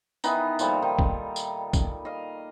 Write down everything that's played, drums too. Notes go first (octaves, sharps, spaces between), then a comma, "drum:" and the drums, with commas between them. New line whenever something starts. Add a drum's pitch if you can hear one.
D#3 E3 B3 D#4, drum: tambourine
A#2 F3 G3 A4, drum: tambourine
D#3
drum: kick
drum: tambourine
drum: kick, tambourine
D#5 F5